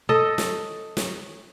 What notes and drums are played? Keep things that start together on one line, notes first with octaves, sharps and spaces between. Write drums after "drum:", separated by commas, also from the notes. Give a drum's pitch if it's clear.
A4 D#5
drum: snare
drum: snare